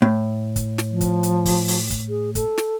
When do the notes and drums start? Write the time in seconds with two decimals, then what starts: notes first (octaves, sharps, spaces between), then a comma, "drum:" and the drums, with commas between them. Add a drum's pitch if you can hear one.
0.02 A2
0.56 drum: kick, hi-hat
0.78 drum: snare
0.91 F3
1.01 drum: kick, hi-hat
1.23 drum: hi-hat
1.45 drum: kick, open hi-hat
1.68 drum: open hi-hat
1.90 drum: kick, hi-hat
2.09 G#4
2.35 A4, drum: kick, hi-hat
2.58 drum: snare